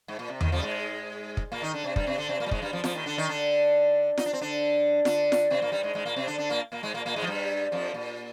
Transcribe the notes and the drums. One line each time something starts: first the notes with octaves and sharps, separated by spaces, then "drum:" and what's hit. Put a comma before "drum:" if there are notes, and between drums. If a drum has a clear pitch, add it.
G#2
A#2
C3
D#2 D#3, drum: tom E2
F2 F3
G3
G#2 G#3
drum: kick
A#2 A#3
D#3 D#4
D3 D4
C3 C4
G2 G3, drum: kick
C3 C4
D3 D4
C3 C4
A#2 A#3
G3
G#2 G#3, drum: kick
G2 G3
F2 F3
F2 F3, drum: snare F4
D#2 D#3
D3 D4
D#3 D#4
D3 D4
D#4, drum: snare F4
D4
C4
D3 D4
D3 D4, drum: snare F4
drum: snare F4
C3 C4
A#2 A#3
G2 G3
G#2 G#3
G#2 G#3
A#2 A#3
C3 C4
D3 D4
D3 D4
A#2 A#3
A#2 A#3
G#2 G#3
A#2 A#3
A#2 A#3
G#2 G#3
F3
G2 G3
F2 F3
A#2